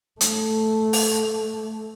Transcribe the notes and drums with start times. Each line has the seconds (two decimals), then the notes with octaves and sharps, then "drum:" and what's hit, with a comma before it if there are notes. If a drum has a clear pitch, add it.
0.21 A3, drum: hi-hat
0.93 drum: open hi-hat